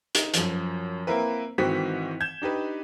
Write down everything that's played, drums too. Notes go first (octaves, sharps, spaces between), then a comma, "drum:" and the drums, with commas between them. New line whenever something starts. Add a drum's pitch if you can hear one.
D#4, drum: hi-hat
F#2 F3, drum: hi-hat
A#3 C4 E4 A#4 B4
G#2 D#3 E3 C4 F#4 B6
G6 G#6 E7
D4 D#4 G4 B4